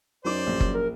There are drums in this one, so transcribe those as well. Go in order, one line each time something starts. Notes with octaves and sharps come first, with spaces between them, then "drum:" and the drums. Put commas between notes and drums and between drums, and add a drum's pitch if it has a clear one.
F#2 C#4 D#4 C5 D5 D6
A#1
drum: kick F#1
A#4